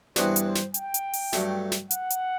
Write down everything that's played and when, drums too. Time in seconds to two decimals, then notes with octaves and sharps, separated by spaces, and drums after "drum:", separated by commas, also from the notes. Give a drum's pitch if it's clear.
0.16 G2 E3 B3 D4 F#4 C5, drum: snare
0.36 drum: hi-hat
0.45 C5
0.55 drum: snare
0.74 G5, drum: hi-hat
0.94 drum: hi-hat
1.13 drum: open hi-hat
1.33 G2 F#3 A3, drum: snare
1.72 drum: snare
1.91 F#5, drum: hi-hat
2.10 drum: hi-hat